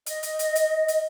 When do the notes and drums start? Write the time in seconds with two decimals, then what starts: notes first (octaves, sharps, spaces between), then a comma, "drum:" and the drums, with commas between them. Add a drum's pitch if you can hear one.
0.06 D#5, drum: hi-hat
0.23 drum: hi-hat
0.39 drum: hi-hat
0.55 drum: hi-hat
0.88 drum: hi-hat